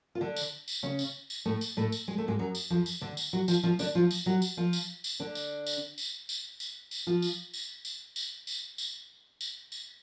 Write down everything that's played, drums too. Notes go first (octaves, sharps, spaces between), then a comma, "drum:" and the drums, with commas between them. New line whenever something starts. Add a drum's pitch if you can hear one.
F4
D3 D4
drum: tambourine
drum: tambourine
C#3 C#4
drum: tambourine
drum: tambourine
A2 A3
drum: tambourine
A2 A3
drum: tambourine
G#3
A3
G#2 G#3
F#2 F#3
drum: tambourine
F2 F3
drum: tambourine
D3 D4
drum: tambourine
F#3 F#4
F3 F4, drum: tambourine
F3 F4
D3 D4, drum: tambourine
F3 F4
drum: tambourine
F#3 F#4
drum: tambourine
F3 F4
drum: tambourine
drum: tambourine
D3 D4
drum: tambourine
drum: tambourine
drum: tambourine
drum: tambourine
drum: tambourine
drum: tambourine
F3 F4
drum: tambourine
drum: tambourine
drum: tambourine
drum: tambourine
drum: tambourine
drum: tambourine
drum: tambourine
drum: tambourine